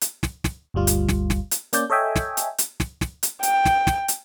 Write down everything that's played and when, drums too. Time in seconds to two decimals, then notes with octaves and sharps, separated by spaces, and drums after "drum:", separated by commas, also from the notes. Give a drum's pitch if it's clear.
0.01 drum: hi-hat
0.23 drum: snare
0.44 drum: snare
0.74 G1 D2 G3 F4
0.87 drum: hi-hat
1.09 drum: snare
1.30 drum: snare
1.51 drum: hi-hat
1.73 A#3 C#4 D5 G6, drum: hi-hat
1.90 A4 C#5 D#5 E5 G5 G#5
2.16 drum: snare
2.37 drum: hi-hat
2.58 drum: hi-hat
2.80 drum: snare
3.01 drum: snare
3.23 drum: hi-hat
3.43 G5, drum: hi-hat
3.65 drum: snare
3.87 drum: snare
4.08 drum: hi-hat